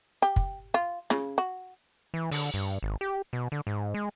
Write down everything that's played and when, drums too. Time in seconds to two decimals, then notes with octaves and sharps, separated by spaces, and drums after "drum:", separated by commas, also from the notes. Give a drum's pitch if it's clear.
0.22 G4
0.36 drum: kick
0.74 F4
1.10 C#3, drum: snare
1.38 F#4
2.14 E3
2.31 D3, drum: open hi-hat
2.54 G2
2.83 G#1
3.01 G4
3.33 B2
3.52 D3
3.67 G#2
3.94 G#3